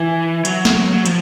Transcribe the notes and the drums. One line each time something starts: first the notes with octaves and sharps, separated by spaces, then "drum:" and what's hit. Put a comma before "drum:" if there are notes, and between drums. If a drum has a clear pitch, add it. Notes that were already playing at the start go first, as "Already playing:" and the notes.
Already playing: E3
F#3, drum: hi-hat
drum: snare
F#3
F3, drum: hi-hat